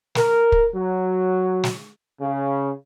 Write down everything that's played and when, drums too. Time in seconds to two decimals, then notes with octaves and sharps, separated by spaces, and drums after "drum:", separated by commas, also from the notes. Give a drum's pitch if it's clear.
0.15 A#4, drum: snare
0.52 drum: kick
0.75 F#3
1.63 drum: snare
2.20 C#3